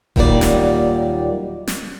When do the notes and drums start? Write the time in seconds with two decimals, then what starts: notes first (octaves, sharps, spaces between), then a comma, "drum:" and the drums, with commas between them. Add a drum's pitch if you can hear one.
0.16 D#2 A#2 D#3 F#3 G3 D5, drum: kick D#1
0.41 drum: snare
1.67 drum: snare